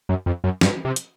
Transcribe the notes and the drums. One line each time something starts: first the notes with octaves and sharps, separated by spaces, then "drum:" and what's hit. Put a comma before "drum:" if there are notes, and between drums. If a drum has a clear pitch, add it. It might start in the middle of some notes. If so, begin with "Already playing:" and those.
F#2
F2
F#2
G2, drum: snare
C3
drum: hi-hat